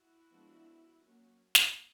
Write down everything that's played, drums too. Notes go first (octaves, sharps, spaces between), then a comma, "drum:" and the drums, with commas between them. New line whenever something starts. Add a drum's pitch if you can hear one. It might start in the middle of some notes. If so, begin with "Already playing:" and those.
Already playing: E4 F#4
F3 G#3 B3 D4
F#3 A#3 C#4
drum: snare